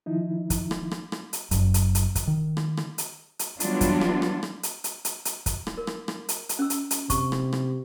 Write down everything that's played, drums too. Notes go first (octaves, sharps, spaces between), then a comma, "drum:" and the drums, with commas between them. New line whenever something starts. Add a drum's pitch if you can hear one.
D#3 F3 D#4 E4
drum: kick, hi-hat
drum: rim click
drum: rim click
drum: rim click
drum: hi-hat
F#1 F#2, drum: hi-hat
drum: hi-hat
drum: hi-hat
drum: kick, hi-hat
D#3
drum: rim click
drum: rim click
drum: hi-hat
drum: hi-hat
E3 F#3 G3 B3 D4 F4, drum: hi-hat
drum: kick, hi-hat
drum: rim click
drum: rim click
drum: rim click
drum: hi-hat
drum: hi-hat
drum: hi-hat
drum: hi-hat
drum: kick, hi-hat
drum: rim click
A#4
drum: rim click
drum: rim click
drum: hi-hat
drum: hi-hat
C#4 E6
drum: hi-hat
drum: hi-hat
C3 C#6, drum: kick, hi-hat
drum: rim click
drum: rim click